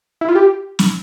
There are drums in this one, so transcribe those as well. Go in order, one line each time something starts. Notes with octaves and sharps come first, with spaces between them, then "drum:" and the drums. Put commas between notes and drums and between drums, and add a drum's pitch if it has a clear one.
E4
F4
G4
drum: snare